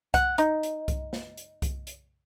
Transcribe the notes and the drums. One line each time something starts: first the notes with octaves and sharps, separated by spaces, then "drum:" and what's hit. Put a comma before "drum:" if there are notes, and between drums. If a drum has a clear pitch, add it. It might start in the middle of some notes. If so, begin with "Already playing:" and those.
F#5, drum: kick C2, hi-hat
D#4, drum: hi-hat
drum: hi-hat
drum: kick C2, hi-hat
drum: snare
drum: hi-hat
drum: kick C2, hi-hat
drum: hi-hat